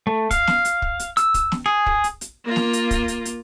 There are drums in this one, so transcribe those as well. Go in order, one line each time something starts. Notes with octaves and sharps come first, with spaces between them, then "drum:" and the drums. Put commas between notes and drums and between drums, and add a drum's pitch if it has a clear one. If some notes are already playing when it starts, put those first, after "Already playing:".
A3
F5, drum: kick, hi-hat
drum: snare
drum: hi-hat
drum: kick
drum: hi-hat
E6, drum: hi-hat
drum: kick, hi-hat
drum: snare
G#4
drum: kick
drum: hi-hat
drum: hi-hat
A#3 F4
drum: snare
drum: hi-hat
drum: kick, hi-hat
drum: hi-hat
drum: hi-hat